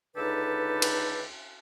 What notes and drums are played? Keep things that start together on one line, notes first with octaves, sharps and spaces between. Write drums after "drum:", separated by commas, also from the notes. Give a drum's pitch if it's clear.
C#2 D3 D#4 G4 A4 B4
drum: cymbal